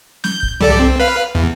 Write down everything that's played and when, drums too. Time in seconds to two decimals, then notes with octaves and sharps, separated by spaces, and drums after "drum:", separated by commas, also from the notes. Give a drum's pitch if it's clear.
0.24 G6, drum: snare
0.43 drum: kick
0.61 G3 A4 D5, drum: tom
0.80 C4
1.00 B4 F5
1.35 E2